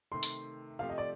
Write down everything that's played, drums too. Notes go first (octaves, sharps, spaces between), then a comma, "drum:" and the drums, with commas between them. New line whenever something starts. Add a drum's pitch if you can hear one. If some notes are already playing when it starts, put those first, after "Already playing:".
C3 D#3 A3 C6
drum: open hi-hat
C3 F3 A3 C4 G4 F5
D#5
D5